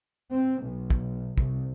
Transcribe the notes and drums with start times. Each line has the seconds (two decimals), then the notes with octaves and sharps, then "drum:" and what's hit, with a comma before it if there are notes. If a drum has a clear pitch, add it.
0.32 C4
0.64 B1
0.90 drum: kick
1.38 C2, drum: kick